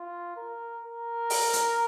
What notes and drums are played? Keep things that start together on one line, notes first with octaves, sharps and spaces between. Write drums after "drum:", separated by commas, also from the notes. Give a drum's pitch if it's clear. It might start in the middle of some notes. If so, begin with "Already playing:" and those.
Already playing: F4
A#4
A#4
drum: open hi-hat
drum: hi-hat